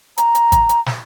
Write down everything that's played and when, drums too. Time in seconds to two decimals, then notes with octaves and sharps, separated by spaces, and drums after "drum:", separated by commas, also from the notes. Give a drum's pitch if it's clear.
0.18 A#5, drum: hi-hat
0.35 drum: hi-hat
0.52 drum: kick G#1, hi-hat
0.69 drum: hi-hat
0.86 drum: snare